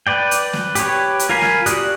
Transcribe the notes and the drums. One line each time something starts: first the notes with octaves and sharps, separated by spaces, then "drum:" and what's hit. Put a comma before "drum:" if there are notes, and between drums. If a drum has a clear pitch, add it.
B4 D5 G5
drum: hi-hat
drum: snare
G4 B4 C#5, drum: hi-hat
drum: hi-hat
F4 A#4 F5 G#5 B5
drum: snare
F#4 G4 D5 D#6 F#6, drum: hi-hat